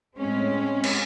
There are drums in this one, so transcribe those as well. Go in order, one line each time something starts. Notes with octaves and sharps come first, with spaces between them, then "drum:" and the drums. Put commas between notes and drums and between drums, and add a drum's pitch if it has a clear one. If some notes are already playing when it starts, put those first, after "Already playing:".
A2 G#3 C4 C#4
drum: cymbal